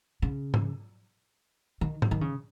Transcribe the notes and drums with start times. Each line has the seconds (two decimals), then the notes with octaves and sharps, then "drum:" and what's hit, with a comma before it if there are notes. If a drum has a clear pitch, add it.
0.22 C#3
0.54 drum: tom G#2
1.81 D#3
2.02 drum: tom G#2
2.11 D#3
2.21 C#3